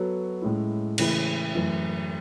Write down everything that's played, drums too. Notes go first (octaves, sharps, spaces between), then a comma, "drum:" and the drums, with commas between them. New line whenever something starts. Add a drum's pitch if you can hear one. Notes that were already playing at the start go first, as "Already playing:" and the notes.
Already playing: F#3 B3 F#4 A4 C#5
A2 G#3 C#4 E4
C#3 E3 A3 E4, drum: cymbal
F#2 E3 A3